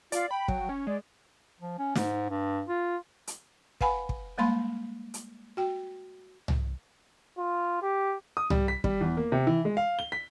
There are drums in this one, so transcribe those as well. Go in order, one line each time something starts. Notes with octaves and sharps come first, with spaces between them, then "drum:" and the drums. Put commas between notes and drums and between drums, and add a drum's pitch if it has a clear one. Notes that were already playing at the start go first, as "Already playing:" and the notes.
F4 D5, drum: hi-hat
G5 B5
F#3, drum: kick
C#4
G#3 D5
F3
C#4
G#2, drum: snare
G2
F4
drum: hi-hat
B4 F5 F#5 G#5 B5, drum: kick
drum: kick
G3 G#3 A#3 F5 B5 C6
drum: hi-hat
F#4 G5
drum: tom C2
F4
G4
D#6
G3, drum: tom C2
B6
G3, drum: kick
E2
A#3
C3
E3
G#3
F5
G7
B6